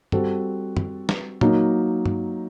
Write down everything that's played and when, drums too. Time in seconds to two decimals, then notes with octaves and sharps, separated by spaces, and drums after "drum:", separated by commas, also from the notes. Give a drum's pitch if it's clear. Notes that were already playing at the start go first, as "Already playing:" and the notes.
0.12 G3 C4 F#4 A4, drum: tom G2
0.77 drum: tom
1.09 drum: snare
1.41 F#3 A#3 D#4, drum: tom
2.06 drum: tom G2